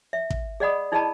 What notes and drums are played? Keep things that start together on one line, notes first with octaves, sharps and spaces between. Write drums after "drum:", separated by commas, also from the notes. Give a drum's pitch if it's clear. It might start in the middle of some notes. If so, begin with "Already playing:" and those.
E5
drum: kick
G#4 D5 D#5 F#5 B5 D#6
D#4 E4 G#4 D#5 A5 B5